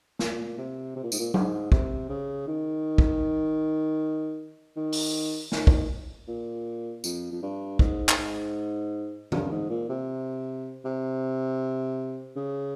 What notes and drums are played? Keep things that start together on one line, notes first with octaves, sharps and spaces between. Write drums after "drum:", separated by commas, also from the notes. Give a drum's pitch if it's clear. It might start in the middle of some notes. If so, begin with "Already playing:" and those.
A#2, drum: snare
C3
C3
A#2
G#2, drum: tambourine
A#2
G#2, drum: tom F#3
C3, drum: kick
C#3
D#3
drum: kick
D#3
drum: open hi-hat
D#3, drum: snare
drum: kick
A#2
F2, drum: tambourine
F2
G2
G#2, drum: kick
drum: clap
G#2
G2, drum: tom
G#2
A#2
C3
C3
C#3